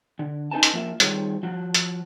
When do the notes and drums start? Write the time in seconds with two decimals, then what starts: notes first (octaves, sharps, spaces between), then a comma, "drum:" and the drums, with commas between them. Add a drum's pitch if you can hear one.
0.19 D3
0.51 C#4 D#4 A4 B4 G#5 A5
0.63 drum: hi-hat
0.73 F3 A#3 F4 E5
1.00 D#3 G3 F4 G#4 C5 C#5, drum: hi-hat
1.43 F3 F4 F#4
1.74 drum: hi-hat